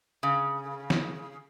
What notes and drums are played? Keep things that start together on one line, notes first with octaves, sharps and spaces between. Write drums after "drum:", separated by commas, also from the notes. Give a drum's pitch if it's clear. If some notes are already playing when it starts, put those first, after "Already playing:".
C#3
drum: snare